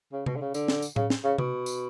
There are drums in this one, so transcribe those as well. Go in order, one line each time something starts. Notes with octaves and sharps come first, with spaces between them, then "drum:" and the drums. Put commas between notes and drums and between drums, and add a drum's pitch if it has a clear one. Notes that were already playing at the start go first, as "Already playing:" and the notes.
C#3
B2, drum: tom C3
D3
C#3
D3, drum: tambourine
drum: snare
drum: tambourine
C#3, drum: tom A2
drum: snare
C#3
B2, drum: tom C3
drum: tambourine